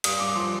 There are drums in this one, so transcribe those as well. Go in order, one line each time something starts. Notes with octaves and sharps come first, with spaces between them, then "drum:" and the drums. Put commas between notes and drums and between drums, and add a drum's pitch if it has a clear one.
G2 D#6, drum: cymbal
G2 D6
F3 C6